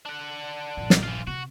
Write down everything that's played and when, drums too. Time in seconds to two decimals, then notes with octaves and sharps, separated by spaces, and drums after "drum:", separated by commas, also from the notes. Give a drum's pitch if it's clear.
0.05 D4 F#5
0.77 A#1 G2
0.90 drum: snare
1.03 E3 F4
1.27 C3 F#4